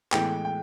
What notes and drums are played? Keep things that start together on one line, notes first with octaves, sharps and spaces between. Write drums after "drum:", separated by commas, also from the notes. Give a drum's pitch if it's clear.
A2 E3 G#3 B3 G5, drum: clap
G5